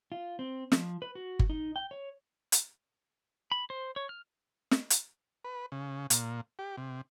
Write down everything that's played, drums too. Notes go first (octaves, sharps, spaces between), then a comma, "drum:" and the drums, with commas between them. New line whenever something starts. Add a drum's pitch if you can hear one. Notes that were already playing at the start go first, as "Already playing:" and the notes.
F4
C4
F3, drum: snare
B4
F#4
drum: kick G1
D#4
G5
C#5
drum: hi-hat
B5
C5
C#5
F6
drum: snare
drum: hi-hat
B4
C#3
A#2, drum: hi-hat
G4
C3